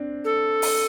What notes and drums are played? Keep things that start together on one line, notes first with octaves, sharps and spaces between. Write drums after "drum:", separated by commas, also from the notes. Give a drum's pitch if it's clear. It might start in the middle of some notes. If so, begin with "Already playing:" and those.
Already playing: C4 D4
A4
drum: open hi-hat